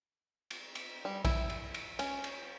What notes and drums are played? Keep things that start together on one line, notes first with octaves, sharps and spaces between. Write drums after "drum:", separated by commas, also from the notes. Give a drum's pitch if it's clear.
drum: cymbal
drum: cymbal
G3
E4, drum: kick A#1, cymbal
drum: cymbal
drum: cymbal
C#4, drum: cymbal
drum: cymbal